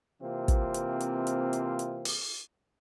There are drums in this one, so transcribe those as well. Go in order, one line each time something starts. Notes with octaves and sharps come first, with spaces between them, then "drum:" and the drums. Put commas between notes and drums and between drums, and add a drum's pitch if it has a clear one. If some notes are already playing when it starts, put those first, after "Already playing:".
C3 E3 A#3 C4 F4
drum: kick, hi-hat
drum: hi-hat
drum: hi-hat
drum: hi-hat
drum: hi-hat
drum: hi-hat
drum: open hi-hat